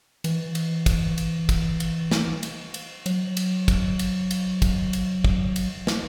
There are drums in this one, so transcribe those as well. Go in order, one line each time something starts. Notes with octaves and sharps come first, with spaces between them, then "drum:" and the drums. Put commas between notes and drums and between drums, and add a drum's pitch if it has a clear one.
E3, drum: cymbal
drum: cymbal
drum: kick, cymbal
drum: cymbal
drum: kick, cymbal
drum: cymbal
drum: snare
drum: cymbal
drum: cymbal
F#3, drum: cymbal
drum: cymbal
drum: kick, cymbal
drum: cymbal
drum: cymbal
drum: kick, cymbal
drum: cymbal
drum: kick
drum: cymbal
drum: snare